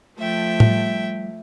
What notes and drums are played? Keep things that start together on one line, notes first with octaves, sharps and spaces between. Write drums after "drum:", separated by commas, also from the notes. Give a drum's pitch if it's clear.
F3 A3 E5 G5
G3, drum: tom A2